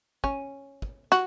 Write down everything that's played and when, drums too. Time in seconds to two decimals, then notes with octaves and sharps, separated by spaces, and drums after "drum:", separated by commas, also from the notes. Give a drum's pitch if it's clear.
0.24 C#4, drum: kick
0.82 drum: kick
1.12 F#4, drum: snare